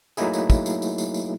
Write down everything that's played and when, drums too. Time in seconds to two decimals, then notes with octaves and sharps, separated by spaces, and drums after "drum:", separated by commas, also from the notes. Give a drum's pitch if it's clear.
0.17 F#3 A3 A#3 D#4 E4 G#4, drum: tambourine
0.33 drum: tambourine
0.50 drum: kick, tambourine
0.66 drum: tambourine
0.82 drum: tambourine
0.98 drum: tambourine
1.14 drum: tambourine